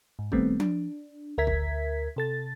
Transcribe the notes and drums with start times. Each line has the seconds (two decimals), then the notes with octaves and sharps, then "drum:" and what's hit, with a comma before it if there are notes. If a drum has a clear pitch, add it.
0.19 G#2
0.32 D#3 G3 A3 B3 C4, drum: kick
0.60 D4, drum: tom F3
1.38 D2 A#4 E5 G#6 B6
1.47 drum: kick
2.16 C3 A4 A6